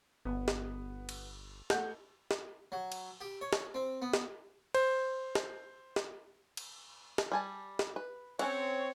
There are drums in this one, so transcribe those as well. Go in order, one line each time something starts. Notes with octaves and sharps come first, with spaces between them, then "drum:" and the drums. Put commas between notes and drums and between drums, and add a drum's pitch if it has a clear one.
G1 B3
drum: snare
drum: cymbal
A3 F#5 G6, drum: snare
drum: snare
F#3
drum: cymbal
G4
C#5
drum: snare
C4
B3
drum: snare
C5, drum: cymbal
drum: snare
drum: snare
drum: cymbal
drum: snare
G3 G#5 A5
drum: snare
B4
C4 C#4 A4 C#5 F#5, drum: cymbal